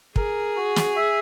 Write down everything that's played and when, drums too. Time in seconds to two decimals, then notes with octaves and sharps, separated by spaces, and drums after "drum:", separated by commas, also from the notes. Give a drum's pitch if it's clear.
0.16 G#4 A#4, drum: kick
0.56 F#4
0.76 drum: snare
0.96 E5